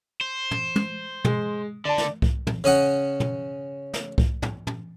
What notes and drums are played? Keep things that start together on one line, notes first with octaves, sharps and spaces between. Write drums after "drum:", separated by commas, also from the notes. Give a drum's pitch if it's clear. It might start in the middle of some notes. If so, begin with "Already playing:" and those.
C5
drum: tom
drum: tom
G#3, drum: tom
D3 D5 A5
drum: snare
drum: kick C2
drum: tom
C#3 C#4 D#5 F#5
drum: tom
drum: snare
drum: kick C2
drum: tom
drum: tom